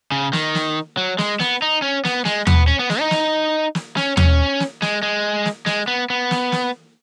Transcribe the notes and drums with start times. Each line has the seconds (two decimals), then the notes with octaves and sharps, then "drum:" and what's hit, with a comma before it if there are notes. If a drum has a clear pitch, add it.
0.12 C#3
0.33 D#3, drum: snare
0.55 drum: snare
0.97 F#3
1.18 G#3, drum: snare
1.40 B3, drum: snare
1.62 D#4
1.82 C#4
2.05 B3, drum: snare
2.25 G#3, drum: snare
2.47 B3, drum: tom D#2
2.68 C#4
2.79 B3
2.90 G#3, drum: snare
3.00 D#4
3.11 drum: snare
3.75 drum: snare
3.97 C#4, drum: snare
4.17 C#4, drum: tom D#2
4.60 drum: snare
4.82 G#3, drum: snare
5.03 G#3
5.45 drum: snare
5.66 G#3, drum: snare
5.88 B3
6.10 B3
6.31 drum: snare
6.52 drum: snare